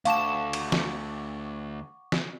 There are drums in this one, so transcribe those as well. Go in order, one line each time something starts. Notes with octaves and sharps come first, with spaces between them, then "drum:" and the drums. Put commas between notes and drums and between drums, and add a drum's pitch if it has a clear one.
D2 F5 F#5 A5 C#6 D6 E7, drum: hi-hat
drum: cymbal
drum: snare
drum: snare